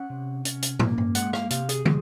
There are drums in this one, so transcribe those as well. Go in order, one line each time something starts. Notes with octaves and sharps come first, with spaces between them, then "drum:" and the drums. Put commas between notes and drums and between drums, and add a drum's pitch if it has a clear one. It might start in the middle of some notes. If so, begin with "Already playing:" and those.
Already playing: C#4 F#5
C3
C#4, drum: hi-hat
drum: hi-hat
A#3, drum: tom
drum: tom
G#3 F#5, drum: hi-hat
F5, drum: rim click
C3 F5, drum: hi-hat
G#4, drum: hi-hat
F3, drum: tom